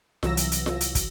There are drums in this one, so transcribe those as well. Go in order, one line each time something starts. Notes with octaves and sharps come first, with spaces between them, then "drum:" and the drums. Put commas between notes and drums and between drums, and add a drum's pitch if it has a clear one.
C2 E3 F#3 E6 A#6, drum: snare F4
drum: hi-hat
drum: hi-hat
drum: snare F4
drum: hi-hat
drum: kick, hi-hat